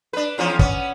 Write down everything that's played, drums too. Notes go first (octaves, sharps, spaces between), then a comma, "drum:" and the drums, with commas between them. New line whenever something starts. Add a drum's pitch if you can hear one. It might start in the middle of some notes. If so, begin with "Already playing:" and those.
D4 B4
E2 F3 C#4
B3 C#4, drum: kick